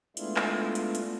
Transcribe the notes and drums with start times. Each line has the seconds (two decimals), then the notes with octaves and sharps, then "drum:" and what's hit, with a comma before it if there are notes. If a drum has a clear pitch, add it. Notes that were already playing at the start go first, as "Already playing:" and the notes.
0.17 G#3 A3 B3 D4 E4 F4, drum: hi-hat
0.36 drum: clap
0.75 drum: hi-hat
0.95 drum: hi-hat